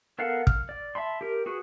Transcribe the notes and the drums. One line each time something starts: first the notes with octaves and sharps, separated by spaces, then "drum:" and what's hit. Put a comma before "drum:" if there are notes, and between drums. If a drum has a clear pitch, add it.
B3 A4 A#4 F5 F#5
F6, drum: kick
D5
E5 A5 B5 C6
G4 A#4
F#4 G#4 B4 C#6